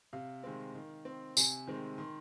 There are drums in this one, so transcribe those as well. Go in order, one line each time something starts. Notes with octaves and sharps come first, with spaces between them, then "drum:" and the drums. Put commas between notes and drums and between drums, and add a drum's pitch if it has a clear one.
C3 F5
D#3 G#3 C4
D#3
C4
C3 G#5, drum: tambourine
D#3 G#3 C4
D#3 C6